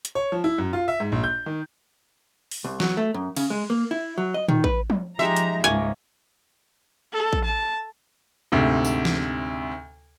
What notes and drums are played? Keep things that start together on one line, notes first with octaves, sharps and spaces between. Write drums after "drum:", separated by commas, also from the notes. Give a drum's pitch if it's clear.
drum: hi-hat
C#5
F3
E4
F#2
F4
E5
G#2
A#1
G6
D#3
drum: open hi-hat
C2
F#3, drum: snare
A3
F#2
C#3, drum: cymbal
G#3
A#3
E4
F#3
D#5
D#3, drum: tom A2
B4, drum: kick
drum: tom F3
F3 G#3 D#4 G4 E5 A#5
drum: hi-hat
C#2 G#2 A#3 C#5 D#5 G#5
A4
drum: kick
A5
D2 G#2 C3
drum: tambourine
drum: snare